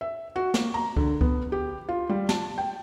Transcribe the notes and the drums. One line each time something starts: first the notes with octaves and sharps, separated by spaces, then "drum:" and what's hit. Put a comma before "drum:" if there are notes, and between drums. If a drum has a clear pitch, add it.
E5
F#4
A#3, drum: snare
A#5
D3, drum: kick C#2
B3, drum: kick C#2
G4
F4
G3
A5, drum: snare
G5